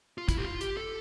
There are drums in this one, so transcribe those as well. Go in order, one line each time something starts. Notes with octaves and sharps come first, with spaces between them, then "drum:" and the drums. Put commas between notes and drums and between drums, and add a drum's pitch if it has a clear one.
F4
E4, drum: kick, hi-hat
G4
F4
G4, drum: hi-hat
A4